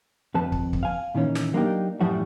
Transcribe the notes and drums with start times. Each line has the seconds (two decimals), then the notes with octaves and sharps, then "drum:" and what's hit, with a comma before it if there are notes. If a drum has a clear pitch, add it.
0.34 F2 F3 B4 A5
0.52 drum: kick
0.73 drum: kick
0.83 F5 G#5
1.15 A#2 D#3 E3 C#4
1.35 drum: snare
1.53 F#3 A#3 B3 D4 D#4 G4
2.01 F#2 A2 E3 F3 G3 F#4